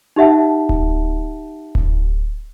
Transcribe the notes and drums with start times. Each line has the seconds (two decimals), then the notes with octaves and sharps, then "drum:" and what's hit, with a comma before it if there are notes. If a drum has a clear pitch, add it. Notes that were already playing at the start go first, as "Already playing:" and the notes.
0.16 D#4 G4 E5 F#5 A5
0.69 drum: kick D1
1.75 drum: kick D1